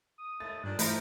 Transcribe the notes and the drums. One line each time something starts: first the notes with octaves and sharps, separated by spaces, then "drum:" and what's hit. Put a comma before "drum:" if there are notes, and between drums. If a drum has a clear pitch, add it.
D#6
D#2 A3 A6
G2 A#2 D#3 D4
E3 F3 A3 C4 A#4 A#5 B5, drum: hi-hat